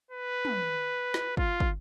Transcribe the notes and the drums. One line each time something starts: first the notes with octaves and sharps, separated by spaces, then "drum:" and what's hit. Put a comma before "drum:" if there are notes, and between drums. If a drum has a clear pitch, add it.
B4
drum: tom
drum: snare
F4, drum: kick
drum: kick